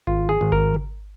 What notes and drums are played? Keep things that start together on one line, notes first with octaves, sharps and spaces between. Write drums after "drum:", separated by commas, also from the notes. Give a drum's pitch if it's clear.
G#1 F4, drum: kick G#1
G#4
G#1
A#4, drum: kick G#1
drum: tom